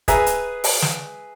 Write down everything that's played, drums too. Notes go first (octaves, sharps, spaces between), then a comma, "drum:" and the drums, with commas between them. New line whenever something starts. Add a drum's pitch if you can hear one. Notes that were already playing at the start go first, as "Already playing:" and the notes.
G#4 B4 E5 G#5 A#5, drum: kick, hi-hat
drum: hi-hat
drum: open hi-hat
drum: snare